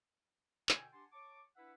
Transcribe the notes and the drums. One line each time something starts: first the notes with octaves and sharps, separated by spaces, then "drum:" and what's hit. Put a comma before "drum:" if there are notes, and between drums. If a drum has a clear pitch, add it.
B2 D3 G5 G#5, drum: clap
D4 G4 F#5 G#5 A5 C6
C#5 A5 C#6 D6
D4 E4 B4 E5 F#5